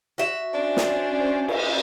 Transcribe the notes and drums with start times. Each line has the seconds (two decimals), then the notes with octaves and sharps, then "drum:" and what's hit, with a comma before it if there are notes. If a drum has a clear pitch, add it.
0.18 F#4 E5
0.54 C#4 D4 C5 D5
0.77 drum: snare
1.48 drum: cymbal